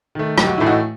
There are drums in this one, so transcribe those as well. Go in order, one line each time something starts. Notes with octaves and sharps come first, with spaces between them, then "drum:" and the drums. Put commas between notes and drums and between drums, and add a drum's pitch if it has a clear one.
D#3 A3
B1 G4, drum: rim click
F#4
A2 E3 A3 E4
D#4 F#4